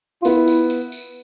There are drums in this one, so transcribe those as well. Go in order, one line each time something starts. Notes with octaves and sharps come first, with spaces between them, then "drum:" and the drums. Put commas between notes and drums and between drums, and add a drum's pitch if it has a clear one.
F4
B3 E4, drum: tambourine
drum: tambourine
drum: tambourine
drum: tambourine